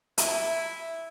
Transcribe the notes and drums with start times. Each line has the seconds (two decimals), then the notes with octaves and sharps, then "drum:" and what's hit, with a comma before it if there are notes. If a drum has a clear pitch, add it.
0.18 E4 E5 D7, drum: hi-hat